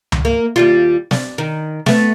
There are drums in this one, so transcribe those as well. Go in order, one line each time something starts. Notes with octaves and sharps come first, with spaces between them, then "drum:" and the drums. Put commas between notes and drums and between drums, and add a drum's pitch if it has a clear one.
drum: tom C#2
A#3
D#2 G3 F4
D4, drum: snare
D#3
A3 B3, drum: snare